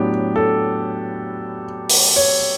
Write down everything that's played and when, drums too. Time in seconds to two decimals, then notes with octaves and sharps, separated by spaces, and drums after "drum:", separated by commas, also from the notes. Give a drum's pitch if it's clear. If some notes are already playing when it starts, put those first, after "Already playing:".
Already playing: A2 F#3 B3 D4 G4
0.36 A4
1.90 drum: open hi-hat
2.16 C#5